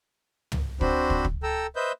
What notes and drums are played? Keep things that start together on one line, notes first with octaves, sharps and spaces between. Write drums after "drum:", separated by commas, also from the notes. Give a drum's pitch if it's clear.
drum: tom
C4 D4 F#4 C5 B5, drum: kick
drum: kick
drum: kick
A4 G5 A#5 E6
B4 C5 D#5 E5 G6